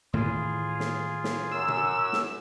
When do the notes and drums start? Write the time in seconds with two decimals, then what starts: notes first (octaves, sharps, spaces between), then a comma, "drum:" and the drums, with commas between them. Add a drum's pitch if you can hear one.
0.14 A2 D#3 E3 F4 G#4
0.80 drum: snare
1.24 drum: snare
1.52 F#2 E6
1.68 drum: tom A#2
2.13 drum: snare